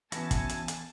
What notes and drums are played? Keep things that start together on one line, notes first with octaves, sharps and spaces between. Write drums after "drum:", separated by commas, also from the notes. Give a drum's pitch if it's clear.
E3 B3 C#4 E4 F#4 G#5 A5, drum: hi-hat
drum: kick, hi-hat
drum: hi-hat
drum: hi-hat